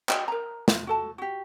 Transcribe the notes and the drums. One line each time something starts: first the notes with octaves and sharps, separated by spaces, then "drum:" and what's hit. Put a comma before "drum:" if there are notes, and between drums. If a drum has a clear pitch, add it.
F#4 D#5 G5, drum: clap
A#4 A#5
F4, drum: snare
F#4 A4 A5
F#4 G4